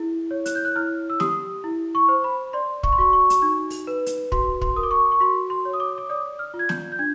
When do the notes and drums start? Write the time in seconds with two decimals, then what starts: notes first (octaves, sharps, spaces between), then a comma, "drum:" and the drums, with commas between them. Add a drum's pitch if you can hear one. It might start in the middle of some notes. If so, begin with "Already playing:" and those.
Already playing: E4 G#4
0.31 C#5
0.46 F#6, drum: hi-hat
0.55 G6
0.65 F#6
0.76 E4 F6
1.10 E6
1.20 G4 D#6, drum: snare
1.64 E4
1.95 C#6
2.09 C5
2.24 B5
2.53 D5 C6
2.83 C#6, drum: kick
2.93 C6
2.99 F#4 C#6
3.13 C#6
3.30 drum: hi-hat
3.42 D#4
3.70 drum: open hi-hat
3.87 B4
4.06 drum: hi-hat
4.32 F#4 C6, drum: kick
4.61 C6, drum: kick
4.76 A#4 D#6
4.83 D6
4.91 C#6
5.12 C#6
5.20 F#4 C6
5.50 C6
5.65 C#5
5.73 D#6
5.80 D6
5.98 D6
6.10 D5 D#6
6.39 F6
6.54 F4
6.59 G#6
6.69 G6, drum: snare
6.92 G6
6.99 D4 G#6